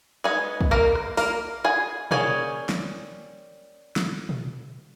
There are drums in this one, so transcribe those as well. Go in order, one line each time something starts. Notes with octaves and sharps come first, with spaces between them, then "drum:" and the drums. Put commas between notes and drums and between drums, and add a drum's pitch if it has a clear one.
G#3 B3 D#4 G#4 G#5
drum: kick
A#3 A#4
drum: rim click
A#3 A#4, drum: open hi-hat
G#4 G#5
G3 A#3 C#4 G#4 G#5, drum: tom A#2
drum: snare
drum: snare
drum: tom A#2